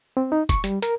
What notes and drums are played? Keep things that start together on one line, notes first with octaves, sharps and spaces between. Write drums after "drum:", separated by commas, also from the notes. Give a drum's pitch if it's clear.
C4
D#4
C#6, drum: kick, hi-hat
G3, drum: hi-hat
A#4, drum: hi-hat